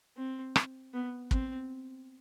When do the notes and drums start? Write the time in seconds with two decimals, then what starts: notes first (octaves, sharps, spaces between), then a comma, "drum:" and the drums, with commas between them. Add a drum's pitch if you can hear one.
0.17 C4
0.56 drum: rim click
0.94 B3
1.31 C4, drum: kick